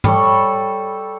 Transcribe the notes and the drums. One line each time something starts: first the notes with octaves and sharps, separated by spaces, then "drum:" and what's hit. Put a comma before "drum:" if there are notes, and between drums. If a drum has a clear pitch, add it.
G3 A4 C#5, drum: tom